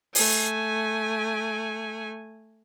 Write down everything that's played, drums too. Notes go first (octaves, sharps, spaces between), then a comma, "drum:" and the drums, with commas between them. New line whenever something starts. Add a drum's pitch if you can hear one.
A3 G#5, drum: open hi-hat